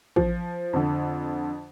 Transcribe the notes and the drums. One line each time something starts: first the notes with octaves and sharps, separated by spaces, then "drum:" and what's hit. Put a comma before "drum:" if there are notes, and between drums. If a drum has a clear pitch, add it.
F3, drum: kick
F2 D3